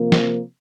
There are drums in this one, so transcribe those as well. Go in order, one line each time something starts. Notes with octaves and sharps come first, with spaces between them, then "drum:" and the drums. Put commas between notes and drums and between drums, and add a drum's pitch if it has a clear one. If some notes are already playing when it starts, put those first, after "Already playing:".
Already playing: C3 F3 A#3
drum: snare